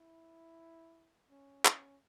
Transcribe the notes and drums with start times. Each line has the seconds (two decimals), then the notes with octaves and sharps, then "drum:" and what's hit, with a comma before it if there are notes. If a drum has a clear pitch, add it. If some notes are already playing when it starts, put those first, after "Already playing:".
Already playing: E4
1.30 C#4
1.65 C#4, drum: clap